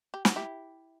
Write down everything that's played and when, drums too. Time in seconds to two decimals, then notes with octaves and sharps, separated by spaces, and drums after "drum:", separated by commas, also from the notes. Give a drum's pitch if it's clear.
0.14 G4
0.25 F#4, drum: snare
0.36 E4 G4